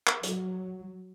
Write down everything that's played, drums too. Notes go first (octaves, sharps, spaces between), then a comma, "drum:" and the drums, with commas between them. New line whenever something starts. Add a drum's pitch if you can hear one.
drum: clap
F#3, drum: hi-hat